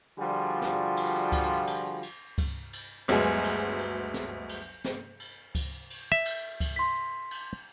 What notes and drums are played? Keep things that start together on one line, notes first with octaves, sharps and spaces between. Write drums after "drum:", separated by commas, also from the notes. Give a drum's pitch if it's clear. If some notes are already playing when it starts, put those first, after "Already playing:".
D3 F3 G3 F4 F#4 G#4
drum: snare
drum: cymbal
drum: kick C#2, cymbal
drum: cymbal
drum: cymbal
drum: kick C#2, cymbal
drum: cymbal
G1 D2 F#3 G#3 B3 G#5, drum: cymbal
drum: cymbal
drum: cymbal
drum: snare
drum: cymbal
drum: snare
drum: cymbal
drum: kick C#2, cymbal
drum: cymbal
E5
drum: cymbal
drum: kick C#2, cymbal
C6 B6
drum: cymbal